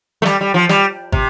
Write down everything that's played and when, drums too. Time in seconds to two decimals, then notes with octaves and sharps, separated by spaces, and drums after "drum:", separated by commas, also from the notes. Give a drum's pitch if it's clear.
0.22 A3
0.25 G3, drum: snare
0.41 G3
0.54 F3
0.69 G3, drum: snare
1.12 C3, drum: kick